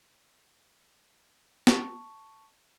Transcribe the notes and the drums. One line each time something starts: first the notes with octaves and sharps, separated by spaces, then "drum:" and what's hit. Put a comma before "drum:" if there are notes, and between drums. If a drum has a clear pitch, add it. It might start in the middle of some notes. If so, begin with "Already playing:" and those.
A5 C#6, drum: snare